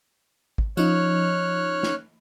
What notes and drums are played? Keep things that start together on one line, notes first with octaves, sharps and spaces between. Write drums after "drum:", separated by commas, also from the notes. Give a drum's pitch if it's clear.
drum: kick G#1
F3 C#4 D#4 C#5 F6 F#6, drum: tambourine
drum: snare